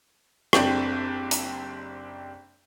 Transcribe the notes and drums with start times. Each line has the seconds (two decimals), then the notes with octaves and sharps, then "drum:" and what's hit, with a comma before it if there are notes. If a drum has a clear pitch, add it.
0.53 F#1 C4 D4 G4 F#7, drum: rim click
1.31 drum: hi-hat